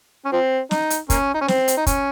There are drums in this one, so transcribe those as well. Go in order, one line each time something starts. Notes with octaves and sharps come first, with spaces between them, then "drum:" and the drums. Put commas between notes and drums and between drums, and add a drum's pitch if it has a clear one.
C#4
F3 C4
D#4, drum: snare
drum: hi-hat
A#3 C#4, drum: kick, hi-hat
D#4
C#4
C4, drum: snare
drum: hi-hat
D#4
C#4, drum: kick, hi-hat